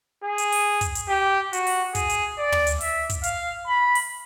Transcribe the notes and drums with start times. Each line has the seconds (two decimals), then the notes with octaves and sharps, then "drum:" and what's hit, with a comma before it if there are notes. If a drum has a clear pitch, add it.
0.24 G#4
0.38 drum: hi-hat
0.52 drum: open hi-hat
0.81 drum: kick, hi-hat
0.95 drum: hi-hat
1.09 G4
1.53 F#4, drum: hi-hat
1.67 drum: open hi-hat
1.95 G#4, drum: kick, hi-hat
2.10 drum: hi-hat
2.39 D5
2.52 drum: tom
2.67 drum: hi-hat
2.81 E5, drum: open hi-hat
3.10 drum: kick, hi-hat
3.23 F5, drum: hi-hat
3.67 B5
3.95 drum: open hi-hat